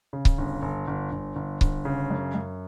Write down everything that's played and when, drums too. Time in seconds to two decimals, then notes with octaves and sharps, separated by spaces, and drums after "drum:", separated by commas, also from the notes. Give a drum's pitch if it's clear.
0.13 C#3
0.25 drum: kick C#1
0.38 G1
0.62 G1
0.87 G1
1.12 G1
1.36 G1
1.61 G1, drum: kick C#1
1.85 C#3
2.10 F#2
2.34 F#2